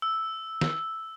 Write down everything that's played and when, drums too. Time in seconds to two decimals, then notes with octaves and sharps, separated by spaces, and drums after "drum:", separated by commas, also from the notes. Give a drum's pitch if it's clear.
0.02 E6
0.61 drum: snare